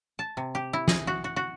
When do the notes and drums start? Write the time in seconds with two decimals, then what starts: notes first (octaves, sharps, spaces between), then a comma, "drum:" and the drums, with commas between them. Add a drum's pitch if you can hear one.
0.19 A5
0.37 C3
0.55 G4
0.73 E4
0.88 G#4, drum: snare
1.07 F#4
1.24 F#4
1.36 F#4